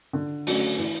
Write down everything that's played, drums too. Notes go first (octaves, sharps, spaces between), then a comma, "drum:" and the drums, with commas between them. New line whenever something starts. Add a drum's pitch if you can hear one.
D3
F#3 A3 C#4, drum: open hi-hat
E3